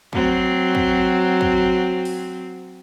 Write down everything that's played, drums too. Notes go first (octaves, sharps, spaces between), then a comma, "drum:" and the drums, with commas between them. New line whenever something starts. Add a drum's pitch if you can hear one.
F#3 C4, drum: kick
drum: kick
drum: kick
drum: open hi-hat